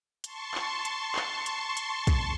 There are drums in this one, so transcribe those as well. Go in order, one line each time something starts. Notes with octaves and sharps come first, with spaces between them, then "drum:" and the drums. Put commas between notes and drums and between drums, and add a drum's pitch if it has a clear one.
A5 C6 C#6, drum: hi-hat
drum: clap
drum: hi-hat
drum: clap
drum: hi-hat
drum: hi-hat
drum: kick, hi-hat